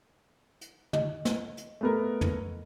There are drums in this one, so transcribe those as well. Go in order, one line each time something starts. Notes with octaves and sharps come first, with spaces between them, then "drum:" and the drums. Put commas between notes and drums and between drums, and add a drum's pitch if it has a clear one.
drum: hi-hat
D#5, drum: tom
drum: snare
drum: hi-hat
A3 B3 A#4
drum: tom